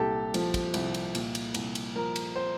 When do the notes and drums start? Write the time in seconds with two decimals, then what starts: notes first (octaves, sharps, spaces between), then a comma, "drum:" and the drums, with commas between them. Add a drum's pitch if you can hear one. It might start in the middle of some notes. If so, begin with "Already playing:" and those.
Already playing: C2 A#2 G4 A4
0.34 F3, drum: cymbal
0.54 drum: kick, cymbal
0.74 C2, drum: cymbal
0.94 drum: cymbal
1.15 A#2, drum: cymbal
1.35 drum: cymbal
1.54 C2, drum: cymbal
1.75 drum: cymbal
1.95 F3 A#4
2.16 drum: cymbal
2.36 C5